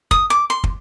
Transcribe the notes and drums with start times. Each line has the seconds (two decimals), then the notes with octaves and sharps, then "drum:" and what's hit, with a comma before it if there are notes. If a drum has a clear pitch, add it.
0.11 D#6, drum: kick
0.30 D6
0.50 C6
0.64 drum: kick